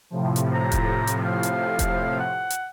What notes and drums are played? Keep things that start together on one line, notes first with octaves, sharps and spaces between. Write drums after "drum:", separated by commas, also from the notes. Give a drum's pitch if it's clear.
A2 C3 F3
drum: hi-hat
A#5
drum: kick E1, hi-hat
drum: hi-hat
F5
drum: hi-hat
drum: kick E1, hi-hat
F#5
drum: hi-hat